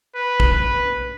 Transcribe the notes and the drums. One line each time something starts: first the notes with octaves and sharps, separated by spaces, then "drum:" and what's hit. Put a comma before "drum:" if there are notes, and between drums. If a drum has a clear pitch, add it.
B4
drum: kick
B4